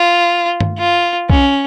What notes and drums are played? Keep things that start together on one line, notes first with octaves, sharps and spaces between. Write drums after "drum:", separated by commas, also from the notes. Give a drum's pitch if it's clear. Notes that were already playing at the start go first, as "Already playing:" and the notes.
Already playing: F4
drum: tom G2
F4
C#4, drum: kick